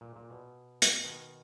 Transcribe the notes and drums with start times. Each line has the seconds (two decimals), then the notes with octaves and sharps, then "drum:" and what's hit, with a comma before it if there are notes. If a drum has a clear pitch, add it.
0.01 A#2
0.16 A#2
0.30 B2
0.82 drum: hi-hat
1.04 B2 D#3